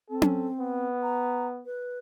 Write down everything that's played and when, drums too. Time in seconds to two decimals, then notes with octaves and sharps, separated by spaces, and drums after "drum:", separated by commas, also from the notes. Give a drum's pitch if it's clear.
0.10 C4 A4
0.22 drum: tom C#4
0.60 B3
1.03 A#5
1.66 B4